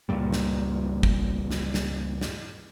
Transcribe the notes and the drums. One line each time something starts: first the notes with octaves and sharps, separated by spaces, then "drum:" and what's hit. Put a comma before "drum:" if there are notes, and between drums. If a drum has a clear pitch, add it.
C#2 G2 A#2 G3
drum: snare
drum: kick
drum: snare
drum: snare
drum: snare